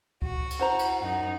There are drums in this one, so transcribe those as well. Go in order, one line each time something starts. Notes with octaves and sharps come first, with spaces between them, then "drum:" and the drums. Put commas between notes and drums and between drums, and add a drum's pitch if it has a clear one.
F#4, drum: kick C#2
drum: cymbal
E4 C5 F#5 A#5
drum: cymbal
F#2 D#4 F#5